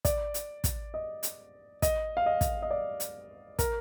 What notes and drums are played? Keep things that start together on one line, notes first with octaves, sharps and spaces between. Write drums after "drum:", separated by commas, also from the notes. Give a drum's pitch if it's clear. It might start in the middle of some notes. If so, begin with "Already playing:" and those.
D5, drum: kick, hi-hat
drum: hi-hat
drum: kick, hi-hat
D#5
drum: hi-hat
D#5, drum: kick, hi-hat
F5
D#5
drum: kick, hi-hat
D#5
D5
drum: hi-hat
A#4, drum: kick, hi-hat